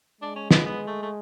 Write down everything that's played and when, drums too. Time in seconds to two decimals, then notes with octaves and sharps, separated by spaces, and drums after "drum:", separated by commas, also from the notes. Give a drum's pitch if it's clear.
0.21 G#3 D4
0.36 C#4
0.51 B3, drum: snare
0.65 B3
0.87 A3
1.02 A3